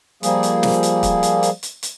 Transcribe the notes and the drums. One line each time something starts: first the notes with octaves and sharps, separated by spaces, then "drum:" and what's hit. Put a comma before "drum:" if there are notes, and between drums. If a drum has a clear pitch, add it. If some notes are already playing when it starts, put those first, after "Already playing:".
F3 G3 A#3 G#4, drum: hi-hat
drum: hi-hat
drum: snare
drum: hi-hat
drum: kick, hi-hat
drum: hi-hat
drum: hi-hat
drum: hi-hat
drum: hi-hat